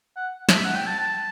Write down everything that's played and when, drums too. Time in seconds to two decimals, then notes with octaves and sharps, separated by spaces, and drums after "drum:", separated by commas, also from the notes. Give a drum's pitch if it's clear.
0.16 F#5
0.49 E5, drum: snare
0.64 F#5
0.75 G5
0.87 A5
0.99 A5